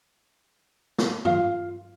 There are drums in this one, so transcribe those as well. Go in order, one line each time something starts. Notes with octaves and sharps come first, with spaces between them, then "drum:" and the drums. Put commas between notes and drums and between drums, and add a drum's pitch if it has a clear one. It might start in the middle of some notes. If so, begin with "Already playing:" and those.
drum: snare
F4 F5, drum: tom